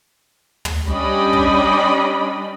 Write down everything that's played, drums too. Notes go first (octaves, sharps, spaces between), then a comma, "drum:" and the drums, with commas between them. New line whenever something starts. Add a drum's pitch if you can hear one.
drum: tom
G3 C#4 D4 D5 D#5 B5
drum: kick